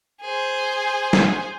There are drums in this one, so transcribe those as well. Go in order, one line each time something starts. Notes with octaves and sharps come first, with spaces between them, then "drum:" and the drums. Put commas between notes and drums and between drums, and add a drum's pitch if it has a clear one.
G#4 C5
drum: snare